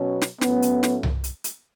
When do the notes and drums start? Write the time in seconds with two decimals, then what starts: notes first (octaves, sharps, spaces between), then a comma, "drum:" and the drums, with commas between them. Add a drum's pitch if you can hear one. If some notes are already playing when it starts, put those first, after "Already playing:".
Already playing: B2 F#3 C#4
0.22 drum: snare
0.41 A2 F#3 B3 C#4, drum: snare
0.62 drum: hi-hat
0.83 drum: snare
1.03 drum: tom C2
1.24 drum: hi-hat
1.44 drum: hi-hat